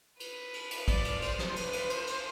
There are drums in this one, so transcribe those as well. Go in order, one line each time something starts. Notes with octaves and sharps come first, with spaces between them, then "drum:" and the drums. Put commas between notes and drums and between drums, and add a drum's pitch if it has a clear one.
B4, drum: cymbal
drum: cymbal
drum: cymbal
D5, drum: kick, cymbal
drum: cymbal
C5, drum: cymbal
drum: snare
B4, drum: cymbal
drum: cymbal
C5, drum: cymbal
drum: cymbal